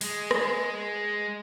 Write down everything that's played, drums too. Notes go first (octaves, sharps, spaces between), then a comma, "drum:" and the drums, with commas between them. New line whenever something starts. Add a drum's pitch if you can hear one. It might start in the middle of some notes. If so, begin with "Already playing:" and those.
G#3 G#4, drum: open hi-hat
drum: rim click